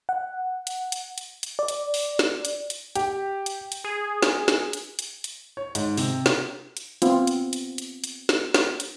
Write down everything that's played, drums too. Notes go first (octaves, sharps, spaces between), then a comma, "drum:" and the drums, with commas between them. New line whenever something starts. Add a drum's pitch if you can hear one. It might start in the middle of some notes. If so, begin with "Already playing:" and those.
F#5
drum: hi-hat
drum: hi-hat
drum: hi-hat
drum: hi-hat
D5
drum: hi-hat
drum: open hi-hat
drum: snare
drum: hi-hat
drum: hi-hat
G4, drum: hi-hat
drum: hi-hat
drum: hi-hat
G#4
drum: snare
drum: snare
drum: hi-hat
drum: hi-hat
drum: hi-hat
C#5
G#2, drum: hi-hat
C3, drum: open hi-hat
drum: snare
drum: hi-hat
B3 C4 F4, drum: hi-hat
drum: hi-hat
drum: hi-hat
drum: hi-hat
drum: hi-hat
drum: snare
drum: snare
drum: hi-hat